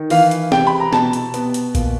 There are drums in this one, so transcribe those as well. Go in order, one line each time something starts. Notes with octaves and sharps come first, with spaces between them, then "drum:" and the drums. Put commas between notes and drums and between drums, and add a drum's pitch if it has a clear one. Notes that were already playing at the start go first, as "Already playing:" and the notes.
Already playing: D#3
E3 F5, drum: open hi-hat
drum: hi-hat
C3 G5, drum: snare
B5
A#5
B2 A5, drum: snare
drum: hi-hat
B3, drum: hi-hat
drum: hi-hat
A#2, drum: kick, hi-hat